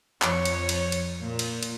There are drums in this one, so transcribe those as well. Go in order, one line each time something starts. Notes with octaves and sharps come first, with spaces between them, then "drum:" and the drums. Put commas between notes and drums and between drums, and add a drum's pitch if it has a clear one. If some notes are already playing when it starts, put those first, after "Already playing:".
F2 C#5, drum: clap
drum: cymbal
drum: cymbal
drum: cymbal
A#2
drum: cymbal
drum: cymbal